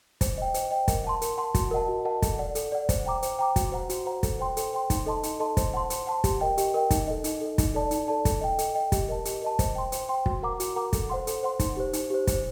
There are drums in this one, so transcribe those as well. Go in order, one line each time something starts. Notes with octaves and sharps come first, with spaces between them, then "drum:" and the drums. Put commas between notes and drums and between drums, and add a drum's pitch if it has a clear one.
C5, drum: kick, hi-hat
D#5 G5
C5, drum: hi-hat
D#5 G5
A#4, drum: kick, hi-hat
F#5 A5 C6
A#4, drum: hi-hat
F#5 A5 C6
F#4, drum: kick, hi-hat
A#4 D#5 F#5 A5
F#4
A#4 D#5 F#5 A5
A4, drum: kick, hi-hat
D5 F#5
A4, drum: hi-hat
D5 F#5
C5, drum: kick, hi-hat
G5 A#5 D6
C5, drum: hi-hat
G5 A#5 D6
F#4, drum: kick, hi-hat
C5 F#5 A#5
F#4, drum: hi-hat
C5 F#5 A#5
A4, drum: kick, hi-hat
C5 G5 C6
A4, drum: hi-hat
C5 G5 C6
D#4, drum: kick, hi-hat
A4 D#5 A5 C6
D#4, drum: hi-hat
A4 D#5 A5 C6
C5, drum: kick, hi-hat
F#5 A5 C6
C5, drum: hi-hat
F#5 A5 C6
G4, drum: kick, hi-hat
A#4 D#5 G5
G4, drum: hi-hat
A#4 D#5 G5
D#4, drum: kick, hi-hat
A4 D#5
D#4, drum: hi-hat
A4 D#5
D#4, drum: kick, hi-hat
A4 D5 A5
D#4, drum: hi-hat
A4 D5 A5
A4, drum: kick, hi-hat
D#5 G5
A4, drum: hi-hat
D#5 G5
G4, drum: kick, hi-hat
A#4 D#5 A5
G4, drum: hi-hat
A#4 D#5 A5
C5, drum: kick, hi-hat
G5 C6
C5, drum: hi-hat
G5 C6
F#4, drum: kick
A#4 F#5 A#5 D6
F#4, drum: hi-hat
A#4 F#5 A#5 D6
A4, drum: kick, hi-hat
C5 F#5 C6
A4, drum: hi-hat
C5 F#5 C6
D#4, drum: kick, hi-hat
G4 C5
D#4, drum: hi-hat
G4 C5
C5, drum: kick, hi-hat